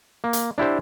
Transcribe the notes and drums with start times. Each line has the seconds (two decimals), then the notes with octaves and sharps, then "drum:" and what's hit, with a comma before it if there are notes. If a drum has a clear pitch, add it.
0.24 A#3
0.33 drum: hi-hat
0.58 D4 E4 G4 C5